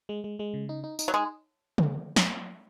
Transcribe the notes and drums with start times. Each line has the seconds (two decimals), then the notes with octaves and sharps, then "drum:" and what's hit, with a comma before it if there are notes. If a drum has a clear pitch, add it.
0.09 G#3
0.24 G#3
0.39 G#3
0.54 C#3
0.69 D#4
0.84 D#4
0.99 D#4, drum: tambourine
1.08 F#3
1.14 G#3 D#4
1.78 drum: tom C#3
2.16 drum: snare